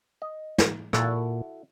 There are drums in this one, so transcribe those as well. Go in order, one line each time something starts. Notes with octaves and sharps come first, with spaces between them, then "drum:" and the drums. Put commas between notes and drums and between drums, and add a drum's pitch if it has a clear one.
D#5
drum: snare
A#2 E4 F#4 A4, drum: rim click